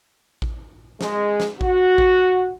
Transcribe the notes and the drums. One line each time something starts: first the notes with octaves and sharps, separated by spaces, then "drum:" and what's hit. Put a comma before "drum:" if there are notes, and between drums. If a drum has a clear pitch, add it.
drum: kick A1
G#3, drum: snare
drum: snare
F#4, drum: kick A1
drum: kick A1